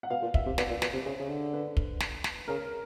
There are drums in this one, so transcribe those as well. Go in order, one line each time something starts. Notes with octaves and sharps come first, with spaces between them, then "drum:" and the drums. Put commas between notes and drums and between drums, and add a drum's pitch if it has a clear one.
F#5
B2 F5
A#2
E5, drum: kick
C3
B2 D5, drum: snare
A#2
B2, drum: snare
C3
C#3 C5
C#3
D3
B4
drum: kick
drum: snare
drum: snare
C#3 A#4